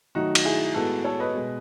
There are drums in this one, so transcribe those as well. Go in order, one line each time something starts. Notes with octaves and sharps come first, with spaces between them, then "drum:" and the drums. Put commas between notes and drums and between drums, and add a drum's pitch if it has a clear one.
D#3 F#3 A3 D#4 F#4
drum: cymbal
E4 G#4
A2 G#3 B3 F#4 A4
A4 C#5
B4 D#5
B2 G#3 B3